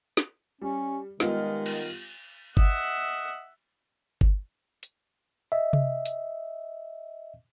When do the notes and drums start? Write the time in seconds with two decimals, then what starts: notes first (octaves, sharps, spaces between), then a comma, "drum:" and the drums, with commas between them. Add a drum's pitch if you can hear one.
0.17 drum: snare
0.61 G3 C#4
1.20 D#3 G3 G#3 B3 F4, drum: snare
1.66 drum: cymbal
2.57 D#5 E5 F#5, drum: kick G1
4.21 drum: kick G1
4.83 drum: hi-hat
5.52 D#5 E5
5.73 drum: tom C3
6.06 drum: hi-hat